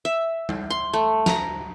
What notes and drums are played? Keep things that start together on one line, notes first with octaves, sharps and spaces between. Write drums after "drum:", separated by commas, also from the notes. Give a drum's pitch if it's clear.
E5
drum: tom G3
C6
A3
A#5, drum: snare